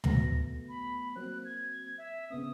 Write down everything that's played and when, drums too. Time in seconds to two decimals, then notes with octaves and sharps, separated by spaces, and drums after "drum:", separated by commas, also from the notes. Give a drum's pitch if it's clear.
0.04 F#3 A3 B3 A#6, drum: tom
0.69 B5
1.16 F#3 A#3 C4 F#6
1.45 G#6
1.98 E5
2.30 C#3 B3 C4 D#6